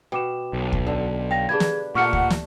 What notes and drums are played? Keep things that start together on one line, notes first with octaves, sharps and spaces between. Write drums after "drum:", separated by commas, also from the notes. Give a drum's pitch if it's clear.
B2 G5 D6 E7
B1
drum: kick D2
D3
F5 G5 A#6
D4 G4 G#4 B4 G#6
drum: snare
A#2 A3 G4 D5 F#5 C#6 F6 C#7
drum: kick D2
drum: snare